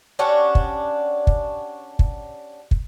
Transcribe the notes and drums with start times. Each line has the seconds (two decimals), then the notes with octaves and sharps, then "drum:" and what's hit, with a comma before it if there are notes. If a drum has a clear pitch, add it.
0.19 C#4 D4 F#4 G4
0.55 drum: kick
1.27 drum: kick
1.99 drum: kick
2.71 drum: kick